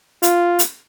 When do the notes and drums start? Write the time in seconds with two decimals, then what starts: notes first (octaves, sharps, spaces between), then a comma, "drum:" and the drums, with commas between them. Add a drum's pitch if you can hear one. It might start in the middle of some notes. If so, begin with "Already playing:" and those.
0.23 F4, drum: hi-hat
0.59 drum: hi-hat